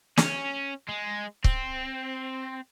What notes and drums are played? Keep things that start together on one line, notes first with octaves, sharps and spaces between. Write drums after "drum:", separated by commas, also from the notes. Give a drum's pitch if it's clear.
C#4, drum: snare
G#3
C4, drum: kick C#1